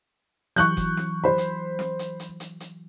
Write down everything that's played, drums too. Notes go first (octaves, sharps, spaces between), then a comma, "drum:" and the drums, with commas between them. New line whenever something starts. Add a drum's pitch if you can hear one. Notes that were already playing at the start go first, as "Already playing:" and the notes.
E3 F#3 C#6 F#6 G6, drum: hi-hat
drum: kick F#1, hi-hat
drum: snare
C5 B5
drum: hi-hat
drum: snare
drum: hi-hat
drum: hi-hat
drum: hi-hat
drum: hi-hat